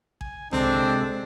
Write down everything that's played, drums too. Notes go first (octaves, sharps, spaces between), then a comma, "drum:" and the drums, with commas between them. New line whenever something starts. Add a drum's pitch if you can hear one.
G#5, drum: kick A1
C3 G#3 C4 D4 A4, drum: tom C2